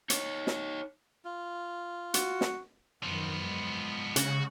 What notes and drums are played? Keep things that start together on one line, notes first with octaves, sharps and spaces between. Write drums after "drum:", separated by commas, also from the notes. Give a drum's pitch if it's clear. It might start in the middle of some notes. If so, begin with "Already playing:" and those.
D#4 C#5, drum: hi-hat
drum: snare
F4
F#4, drum: hi-hat
drum: snare
F#2 D#3 F3 B3
G#3
C#3 F#4, drum: hi-hat